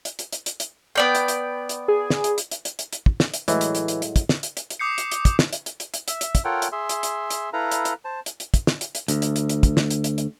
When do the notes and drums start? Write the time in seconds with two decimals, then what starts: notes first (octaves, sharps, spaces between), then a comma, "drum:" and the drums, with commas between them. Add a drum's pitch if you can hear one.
0.05 drum: hi-hat
0.19 drum: hi-hat
0.33 drum: hi-hat
0.46 drum: hi-hat
0.60 drum: hi-hat
0.95 B3 D5 G5
1.15 drum: hi-hat
1.28 drum: hi-hat
1.69 drum: hi-hat
1.88 G#4
2.10 drum: snare
2.24 drum: hi-hat
2.38 drum: hi-hat
2.51 drum: hi-hat
2.65 drum: hi-hat
2.79 drum: hi-hat
2.93 drum: hi-hat
3.06 drum: kick
3.20 drum: snare
3.34 drum: hi-hat
3.48 A2 E3 F#3 G#3, drum: hi-hat
3.61 drum: hi-hat
3.75 drum: hi-hat
3.88 drum: hi-hat
4.02 drum: hi-hat
4.16 drum: kick, hi-hat
4.29 drum: snare
4.43 drum: hi-hat
4.57 drum: hi-hat
4.70 drum: hi-hat
4.79 D6 D#6 G6 C7 C#7
4.98 drum: hi-hat
5.12 drum: hi-hat
5.25 drum: kick, hi-hat
5.39 drum: snare
5.53 drum: hi-hat
5.66 drum: hi-hat
5.80 drum: hi-hat
5.94 drum: hi-hat
6.08 E5, drum: hi-hat
6.21 drum: hi-hat
6.35 drum: kick, hi-hat
6.45 F4 A4 A#4 C#5 F#5 G5
6.62 drum: hi-hat
6.72 G#4 E5 C6
6.89 drum: hi-hat
7.03 drum: hi-hat
7.30 drum: hi-hat
7.53 E4 A4 B4 F5 A#5
7.72 drum: hi-hat
7.85 drum: hi-hat
8.05 C5 A5
8.26 drum: hi-hat
8.40 drum: hi-hat
8.54 drum: kick, hi-hat
8.67 drum: snare
8.81 drum: hi-hat
8.95 drum: hi-hat
9.08 D2, drum: hi-hat
9.22 drum: hi-hat
9.36 drum: hi-hat
9.49 drum: hi-hat
9.63 drum: kick, hi-hat
9.77 drum: snare
9.91 drum: hi-hat
10.04 drum: hi-hat
10.18 drum: hi-hat